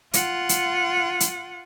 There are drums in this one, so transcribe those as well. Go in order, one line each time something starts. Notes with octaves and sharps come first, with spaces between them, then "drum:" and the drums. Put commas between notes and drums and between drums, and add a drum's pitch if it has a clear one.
F4 F#5, drum: hi-hat
drum: hi-hat
drum: hi-hat